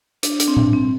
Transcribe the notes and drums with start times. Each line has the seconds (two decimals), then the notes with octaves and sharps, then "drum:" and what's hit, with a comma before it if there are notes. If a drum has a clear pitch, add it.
0.23 D4, drum: hi-hat
0.40 D4, drum: hi-hat
0.48 C4
0.56 D4, drum: tom A#2
0.73 C4